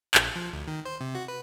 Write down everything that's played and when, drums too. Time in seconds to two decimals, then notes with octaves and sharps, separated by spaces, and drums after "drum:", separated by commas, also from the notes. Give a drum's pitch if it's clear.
0.14 A#1, drum: clap
0.35 F3
0.53 D2
0.68 D#3
0.85 C5
1.01 C3
1.15 F#4
1.28 B4